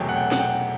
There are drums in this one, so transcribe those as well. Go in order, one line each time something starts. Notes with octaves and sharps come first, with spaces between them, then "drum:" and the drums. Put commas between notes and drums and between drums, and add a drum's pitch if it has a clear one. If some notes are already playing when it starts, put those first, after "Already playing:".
Already playing: E1 E2 C3 F#3 A3 G5
F#5
G5
F#5, drum: snare
G5